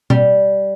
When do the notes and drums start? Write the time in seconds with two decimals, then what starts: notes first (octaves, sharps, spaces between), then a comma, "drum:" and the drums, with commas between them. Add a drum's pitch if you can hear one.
0.10 G3, drum: tom B2